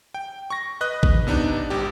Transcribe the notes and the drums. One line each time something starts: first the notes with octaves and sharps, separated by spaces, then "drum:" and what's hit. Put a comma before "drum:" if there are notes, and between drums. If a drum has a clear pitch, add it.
G5
C#6 A#6
B4 D#5 F#6
drum: kick
C3 B3 D4 D#4
G#1 G4